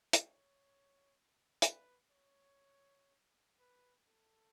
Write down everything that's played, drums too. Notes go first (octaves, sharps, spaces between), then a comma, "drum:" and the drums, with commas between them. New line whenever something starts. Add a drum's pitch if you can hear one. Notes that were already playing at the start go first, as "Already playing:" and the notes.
C#5, drum: hi-hat
B4, drum: hi-hat
C#5
B4
A4